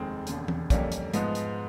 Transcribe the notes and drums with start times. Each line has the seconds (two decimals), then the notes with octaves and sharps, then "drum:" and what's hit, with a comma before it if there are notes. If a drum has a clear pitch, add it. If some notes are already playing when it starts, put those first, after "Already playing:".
Already playing: F1 D#2 D#3 G#3 C4
0.27 E1 D#2 C#3, drum: hi-hat
0.48 drum: tom E3
0.70 F2 D3 G3 A#3 C#4, drum: kick, hi-hat
0.92 drum: hi-hat
1.14 G#2 F3 G#3 B3, drum: hi-hat
1.35 drum: hi-hat